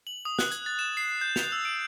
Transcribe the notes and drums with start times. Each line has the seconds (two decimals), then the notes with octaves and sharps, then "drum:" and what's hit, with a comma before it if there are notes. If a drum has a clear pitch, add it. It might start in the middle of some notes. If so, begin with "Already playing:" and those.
0.07 F#7
0.25 D#6
0.39 F#6, drum: snare
0.51 G#6, drum: hi-hat
0.66 A6
0.79 E7
0.97 C7
1.21 G6
1.36 F7, drum: snare
1.52 E6
1.65 D7